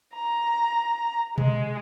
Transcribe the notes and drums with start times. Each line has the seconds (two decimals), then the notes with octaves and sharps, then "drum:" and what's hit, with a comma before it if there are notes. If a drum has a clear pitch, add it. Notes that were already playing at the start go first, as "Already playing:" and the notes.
0.14 A#5
1.38 G#3, drum: tom B2